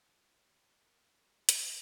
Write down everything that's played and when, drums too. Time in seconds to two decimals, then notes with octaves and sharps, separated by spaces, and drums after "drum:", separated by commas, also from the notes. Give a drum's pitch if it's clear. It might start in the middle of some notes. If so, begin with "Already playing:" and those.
0.16 F4
0.38 C#5
0.60 C#5
0.82 A#4
1.04 F4
1.26 F4
1.49 C#4, drum: hi-hat